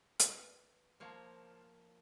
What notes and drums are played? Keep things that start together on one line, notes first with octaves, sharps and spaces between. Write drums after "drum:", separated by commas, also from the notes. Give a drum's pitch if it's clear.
B4, drum: hi-hat
F3 A#3 C5 C#5 F5 A5